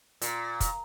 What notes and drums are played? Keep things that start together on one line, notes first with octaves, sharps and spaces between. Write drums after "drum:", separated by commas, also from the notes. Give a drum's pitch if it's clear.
A#2, drum: hi-hat
drum: kick, hi-hat